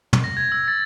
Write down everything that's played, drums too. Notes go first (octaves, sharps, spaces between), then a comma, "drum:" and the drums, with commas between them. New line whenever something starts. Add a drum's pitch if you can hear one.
drum: tom
A#6
G#6
E6
A6